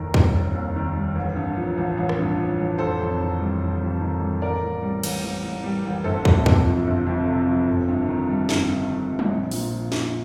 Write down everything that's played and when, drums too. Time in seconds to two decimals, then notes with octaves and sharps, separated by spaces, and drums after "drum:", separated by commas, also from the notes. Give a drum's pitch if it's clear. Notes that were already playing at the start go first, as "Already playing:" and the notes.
Already playing: F1 D#2 D#3 A#4
0.14 G3, drum: kick
0.34 F1
0.54 D#2
0.76 D#3
0.96 G3
1.16 A1
1.36 G2
1.57 F3
1.78 A1
1.98 A1
2.09 drum: rim click
2.18 G2
2.38 F3
2.58 A1
2.78 F1 A4 C5
3.00 F2
3.20 D#3
3.40 G3
3.60 F1
3.80 F2
4.01 D#3
4.21 G3
4.42 A1 A#4 D5
4.62 A2
4.82 G3
5.03 A1, drum: cymbal
5.24 A1
5.43 A2
5.64 G3
5.85 A1
6.04 G1 A4 C5
6.25 F2, drum: kick
6.46 C3, drum: kick
6.66 F3
6.87 G1
7.06 F2
7.28 C3
7.48 F3
7.67 G1
7.88 G2
8.08 D#3
8.30 G3
8.49 G1, drum: snare
8.69 G2
8.90 D#3
9.10 G3
9.19 drum: tom
9.31 A#1
9.51 A#2, drum: open hi-hat
9.72 F3
9.92 A#1, drum: snare